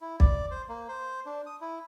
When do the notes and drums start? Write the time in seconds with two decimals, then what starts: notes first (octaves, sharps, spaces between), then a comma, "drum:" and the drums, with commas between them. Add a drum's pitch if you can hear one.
0.01 E4
0.20 D5, drum: kick
0.51 C5
0.69 A#3
0.89 C5
1.26 D4
1.46 D#6
1.61 E4